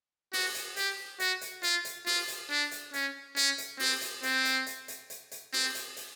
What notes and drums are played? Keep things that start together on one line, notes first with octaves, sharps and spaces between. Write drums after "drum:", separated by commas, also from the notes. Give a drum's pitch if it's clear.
F#4, drum: open hi-hat
drum: hi-hat
G4, drum: hi-hat
F#4, drum: hi-hat
drum: hi-hat
F4, drum: hi-hat
drum: hi-hat
F4, drum: open hi-hat
drum: hi-hat
D4
drum: hi-hat
C#4, drum: hi-hat
C#4, drum: hi-hat
drum: hi-hat
C4, drum: open hi-hat
drum: hi-hat
C4, drum: hi-hat
drum: hi-hat
drum: hi-hat
drum: hi-hat
drum: hi-hat
drum: hi-hat
C4, drum: open hi-hat
drum: hi-hat
drum: hi-hat